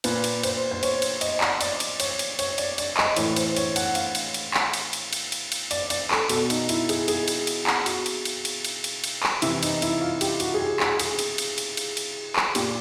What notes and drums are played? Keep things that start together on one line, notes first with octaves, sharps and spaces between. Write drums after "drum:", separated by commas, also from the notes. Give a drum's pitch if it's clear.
A#2 B4, drum: cymbal
drum: cymbal
C5, drum: cymbal
C5
C#5, drum: cymbal
drum: cymbal
D#5, drum: cymbal
D5, drum: clap
D5, drum: cymbal
drum: cymbal
C#5, drum: cymbal
drum: cymbal
C#5, drum: cymbal
D5, drum: cymbal
D5, drum: cymbal
D#5, drum: clap
A2 E3 C#5, drum: cymbal
C5, drum: cymbal
C#5, drum: cymbal
F#5, drum: cymbal
F5, drum: cymbal
drum: cymbal
drum: cymbal
drum: clap
drum: cymbal
drum: cymbal
drum: cymbal
drum: cymbal
drum: cymbal
D5, drum: cymbal
D5, drum: cymbal
A4, drum: clap
B2 A4, drum: cymbal
D#4, drum: cymbal
E4, drum: cymbal
G#4, drum: cymbal
G#4, drum: cymbal
drum: cymbal
drum: cymbal
drum: clap
F#4, drum: cymbal
drum: cymbal
drum: cymbal
drum: cymbal
drum: cymbal
drum: cymbal
drum: cymbal
drum: clap
C3 E3 E4, drum: cymbal
D#4, drum: cymbal
E4, drum: cymbal
F4
G4, drum: cymbal
F#4, drum: cymbal
G#4
G4
G#4, drum: clap
G#4, drum: cymbal
drum: cymbal
drum: cymbal
drum: cymbal
drum: cymbal
drum: cymbal
drum: clap
A#2 G4, drum: cymbal